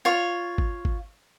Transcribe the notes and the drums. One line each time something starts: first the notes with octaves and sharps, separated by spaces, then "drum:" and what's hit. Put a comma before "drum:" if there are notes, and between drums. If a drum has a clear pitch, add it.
F4 C#5
drum: kick
drum: kick